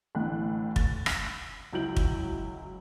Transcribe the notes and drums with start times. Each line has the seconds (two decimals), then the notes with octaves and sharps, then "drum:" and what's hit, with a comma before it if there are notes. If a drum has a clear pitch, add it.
0.15 A1 A2 D3 G5 F#6
0.76 A6, drum: kick
1.06 drum: rim click
1.73 C#2 F#3 E4 G6 D7 F#7
1.96 drum: kick